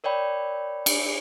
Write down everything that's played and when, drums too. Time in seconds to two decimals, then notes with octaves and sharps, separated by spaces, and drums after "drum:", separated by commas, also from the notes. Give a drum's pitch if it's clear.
0.04 A#4 C#5 D5 G5 B5
0.86 drum: cymbal